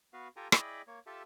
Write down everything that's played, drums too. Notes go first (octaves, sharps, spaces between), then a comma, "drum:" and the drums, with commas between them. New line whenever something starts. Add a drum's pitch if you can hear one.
B3 F#4 B4 F5
F4 G4 A4 G5 G#5 A#5
E4 G#4 D5 D#5 G5 B5, drum: rim click
A#3 C#5
F4 G4 A4 E5 A5